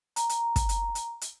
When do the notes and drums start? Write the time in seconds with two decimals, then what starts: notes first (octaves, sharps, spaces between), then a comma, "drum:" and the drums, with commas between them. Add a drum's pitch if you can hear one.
0.16 A#5, drum: hi-hat
0.29 drum: hi-hat
0.56 drum: kick, hi-hat
0.69 drum: hi-hat
0.95 drum: hi-hat
1.21 drum: hi-hat